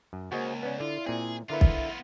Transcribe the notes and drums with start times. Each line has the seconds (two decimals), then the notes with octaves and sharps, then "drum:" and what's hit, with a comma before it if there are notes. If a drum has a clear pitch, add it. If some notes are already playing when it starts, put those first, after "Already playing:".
0.13 F#2
0.32 C#2 A#3 F#4 G#4 C5 D#5
0.63 B3 C#4 B4 D5
0.80 D3 E4 F4
1.06 A#2 C4 G#4
1.50 D3 B3 E4 F4 A#4 B4 E5
1.61 drum: kick